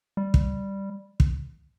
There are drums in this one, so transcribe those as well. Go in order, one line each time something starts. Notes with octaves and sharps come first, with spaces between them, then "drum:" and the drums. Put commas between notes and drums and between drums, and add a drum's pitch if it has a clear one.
G3
drum: kick
drum: kick